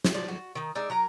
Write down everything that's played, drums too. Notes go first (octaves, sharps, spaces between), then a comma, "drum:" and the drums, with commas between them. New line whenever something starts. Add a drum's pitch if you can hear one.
drum: snare
F3 D5
F#4
D#3 D#4
G#3 D#4 D5 E5
F#3 A#4 A#5